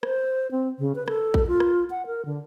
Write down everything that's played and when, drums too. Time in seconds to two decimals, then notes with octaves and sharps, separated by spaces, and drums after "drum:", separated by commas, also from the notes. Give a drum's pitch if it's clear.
0.03 C5, drum: rim click
0.51 C4
0.79 C#3
0.95 B4
1.08 A4, drum: rim click
1.34 drum: kick A#1
1.47 F4
1.60 drum: rim click
1.90 F#5
2.06 A#4
2.25 D3